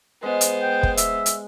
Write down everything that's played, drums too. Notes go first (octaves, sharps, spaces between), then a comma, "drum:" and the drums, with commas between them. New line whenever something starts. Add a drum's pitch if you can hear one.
G#3 B3 C5
drum: hi-hat
G5
drum: kick
E5, drum: hi-hat
drum: hi-hat